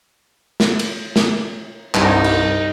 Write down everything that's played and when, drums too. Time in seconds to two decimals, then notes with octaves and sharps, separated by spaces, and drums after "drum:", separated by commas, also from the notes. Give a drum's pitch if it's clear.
0.60 drum: snare
0.79 drum: cymbal
1.16 drum: snare
1.95 C2 G2 D#4, drum: clap
2.24 drum: cymbal